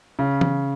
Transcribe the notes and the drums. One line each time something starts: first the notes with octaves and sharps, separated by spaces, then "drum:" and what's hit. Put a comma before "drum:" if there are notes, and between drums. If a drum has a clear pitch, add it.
C#3
drum: tom E3